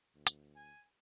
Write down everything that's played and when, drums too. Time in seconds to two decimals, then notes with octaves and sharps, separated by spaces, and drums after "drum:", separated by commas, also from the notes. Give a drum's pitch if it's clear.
0.15 D2
0.27 drum: hi-hat
0.56 G#5